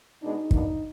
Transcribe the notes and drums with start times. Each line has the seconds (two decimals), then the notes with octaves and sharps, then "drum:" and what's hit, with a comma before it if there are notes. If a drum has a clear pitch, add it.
0.22 B2 G#3 D4 D#4
0.51 B2 A#3 D4, drum: kick